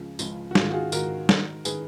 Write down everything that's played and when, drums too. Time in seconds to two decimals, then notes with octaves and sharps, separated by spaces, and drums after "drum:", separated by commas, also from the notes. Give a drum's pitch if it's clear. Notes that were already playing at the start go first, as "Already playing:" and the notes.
Already playing: C#2 C#3 F3
0.19 C#2 C#3 F3, drum: tambourine
0.51 F#4
0.55 G#2 D#3 F4 G#4, drum: snare
0.70 F#4
0.73 F4 G#4
0.92 G#2 D#3 F#4 A#4, drum: tambourine
1.29 G#2 D#3, drum: snare
1.65 D#3 G#4 B4, drum: tambourine